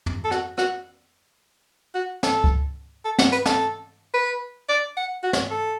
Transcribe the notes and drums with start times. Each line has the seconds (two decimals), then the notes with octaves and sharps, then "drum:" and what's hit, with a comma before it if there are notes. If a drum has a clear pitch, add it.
0.06 drum: tom F2
0.24 A4
0.31 F#4, drum: rim click
0.58 F#4, drum: rim click
1.94 F#4
2.23 A4, drum: snare
2.44 drum: kick C#2
3.05 A4
3.19 F#5, drum: snare
3.32 B4, drum: hi-hat
3.46 A4, drum: snare
4.14 B4
4.69 D5
4.97 F#5
5.23 F#4
5.33 drum: snare
5.51 A4